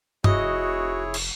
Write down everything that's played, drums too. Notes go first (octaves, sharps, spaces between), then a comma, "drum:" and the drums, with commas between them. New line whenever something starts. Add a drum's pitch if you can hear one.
F1 E4 F#4 G#4 C#5 D#5, drum: tom G2
drum: cymbal